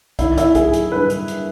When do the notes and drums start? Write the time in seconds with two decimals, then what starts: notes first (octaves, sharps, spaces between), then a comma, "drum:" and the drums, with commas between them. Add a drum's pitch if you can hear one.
0.19 D#3 E4, drum: kick, hi-hat
0.38 E4, drum: hi-hat
0.55 F#3 G#4, drum: kick, hi-hat
0.73 drum: hi-hat
0.92 G2 B4
1.10 drum: hi-hat
1.28 drum: hi-hat